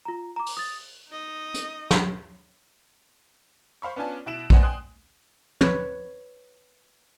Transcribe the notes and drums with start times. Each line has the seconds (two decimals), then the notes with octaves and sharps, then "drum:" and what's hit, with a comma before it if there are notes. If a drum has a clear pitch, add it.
0.05 F4 A#5
0.36 A#5 D6
0.46 drum: open hi-hat
0.57 D#6 A6
1.09 D#4 D#5
1.54 drum: hi-hat
1.91 drum: snare
3.82 C5 F5 B5 C#6
3.96 B3 C#4 D4 F4 G#5 A5
4.26 B2 E4 D7 E7 F#7
4.50 B4 C5 D5 D#5 F#5 G#5, drum: kick
4.63 G5 G#5 C6 D#6 F#6
5.61 B4 C#5, drum: tom